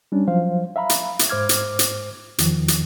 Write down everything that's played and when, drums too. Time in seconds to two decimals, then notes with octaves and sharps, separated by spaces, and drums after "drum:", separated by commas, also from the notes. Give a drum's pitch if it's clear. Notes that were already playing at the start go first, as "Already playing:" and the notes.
0.12 G3 C#4 D4
0.28 F3 F#3 C5 F5
0.76 E5 F5 A#5 B5
0.89 drum: hi-hat
1.19 drum: hi-hat
1.29 G#2 C5 D6 F6 G#6
1.49 drum: hi-hat
1.79 drum: hi-hat
2.38 E2 D#3 F3, drum: hi-hat
2.68 drum: hi-hat